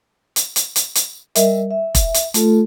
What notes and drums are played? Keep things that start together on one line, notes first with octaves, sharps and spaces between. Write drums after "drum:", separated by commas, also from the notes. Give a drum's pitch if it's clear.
drum: hi-hat
drum: hi-hat
drum: hi-hat
drum: hi-hat
G3 A#4 D#5 E5, drum: hi-hat
E5
drum: kick E1, hi-hat
drum: hi-hat
A3 F4 A4, drum: hi-hat